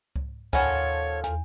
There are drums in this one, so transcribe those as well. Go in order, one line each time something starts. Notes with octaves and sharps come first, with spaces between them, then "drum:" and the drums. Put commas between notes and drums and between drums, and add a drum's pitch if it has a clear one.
drum: kick C#2
D#2 A#2 F3 A4 C#5 F#5 G#5 B5, drum: kick C#2, hi-hat
E2, drum: hi-hat